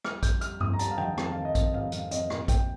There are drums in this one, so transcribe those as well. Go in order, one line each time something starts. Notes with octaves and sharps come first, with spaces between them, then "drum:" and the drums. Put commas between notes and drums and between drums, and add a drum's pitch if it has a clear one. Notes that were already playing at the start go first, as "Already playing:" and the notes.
G3 F6, drum: rim click
F2 G6, drum: kick A#1, hi-hat
G3 F6, drum: hi-hat
F2 D#6, drum: tom G2
A#5
G3 A5, drum: hi-hat
F5
D#3 G5, drum: tom
F2 A5, drum: rim click
D#3 F5
D#5
F2, drum: kick A#1, hi-hat
G3 F5, drum: tom G#2
F2 F5, drum: hi-hat
F2 D#5, drum: hi-hat
A#2, drum: rim click
A#2 G5, drum: kick A#1, hi-hat